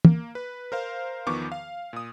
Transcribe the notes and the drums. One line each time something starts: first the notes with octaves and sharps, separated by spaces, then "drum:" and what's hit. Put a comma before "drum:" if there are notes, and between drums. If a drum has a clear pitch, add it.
A#3, drum: tom
B4
A#4 C5 F5
E2 D#3 F3 B3 C#6 D6
F5
A#2 D#6